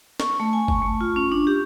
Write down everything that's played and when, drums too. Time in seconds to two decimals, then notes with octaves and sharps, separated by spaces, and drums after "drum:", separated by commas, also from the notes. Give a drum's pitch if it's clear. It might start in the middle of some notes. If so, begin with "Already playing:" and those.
0.20 C#6, drum: snare
0.40 A3
0.53 G#5
0.68 C#6, drum: kick G1
0.82 A3
1.01 F4
1.16 C#4
1.32 D4
1.47 G4